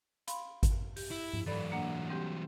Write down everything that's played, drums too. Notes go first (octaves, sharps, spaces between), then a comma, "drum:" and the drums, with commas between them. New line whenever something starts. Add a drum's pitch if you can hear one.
F5 B5 C6, drum: hi-hat
drum: kick G#1, hi-hat
G4, drum: open hi-hat
E4
drum: tom G#2
E3 F#3 A4 D5 B5
A#3 D4 F#5
G3 C4 G4